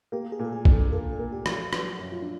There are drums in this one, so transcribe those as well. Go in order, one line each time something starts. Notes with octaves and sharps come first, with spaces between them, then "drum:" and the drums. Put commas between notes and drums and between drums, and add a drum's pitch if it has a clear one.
A#3 G4
G#4
A#2
A4
G#4
D4, drum: kick
A4
A#3 A4
A4
A#3
G4
F3, drum: rim click
A4
F#3 B4, drum: rim click
F#4
F#2
F4
D4